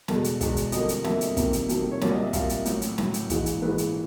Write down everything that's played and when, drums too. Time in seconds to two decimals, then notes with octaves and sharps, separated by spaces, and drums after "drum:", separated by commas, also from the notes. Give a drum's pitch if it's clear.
0.08 E2 B2 G#3 A4, drum: snare
0.24 drum: hi-hat
0.41 E2 B2 G#3, drum: kick, hi-hat
0.57 drum: hi-hat
0.72 F2 D3 G3 A#3 D#5, drum: hi-hat
0.89 drum: hi-hat
1.04 F2 D3 G3 A#3 E5, drum: snare
1.21 drum: hi-hat
1.37 F2 C3 D#3 G3 A#3, drum: kick, hi-hat
1.53 drum: hi-hat
1.69 F2 C3 D#3 G3 A#3, drum: hi-hat
1.91 C#5
2.01 C2 A#2 G3 A#3 D5, drum: snare
2.12 D#5
2.23 E5
2.33 C2 A#2 G3 A#3 F5, drum: kick, hi-hat
2.49 drum: hi-hat
2.65 A1 A2 F#3, drum: hi-hat
2.82 drum: hi-hat
2.98 A1 A2 F#3, drum: snare
3.14 drum: hi-hat
3.30 A#1 G#2 E3 G#3, drum: kick, hi-hat
3.46 drum: hi-hat
3.62 A#1 G#2 E3 G#3 B4
3.78 drum: hi-hat